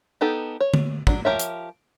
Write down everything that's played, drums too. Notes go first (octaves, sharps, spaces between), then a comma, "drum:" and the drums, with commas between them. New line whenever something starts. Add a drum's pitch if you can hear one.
B3 D#4 G4 A4
C#5
drum: tom D3
F#3 D4, drum: kick
F3 G4 A#4 C#5 E5
drum: hi-hat